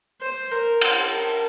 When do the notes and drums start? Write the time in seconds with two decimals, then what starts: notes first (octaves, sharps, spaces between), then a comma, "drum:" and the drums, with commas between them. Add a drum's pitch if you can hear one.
0.21 C5
0.51 A#4
0.81 C5, drum: cymbal
1.13 A#4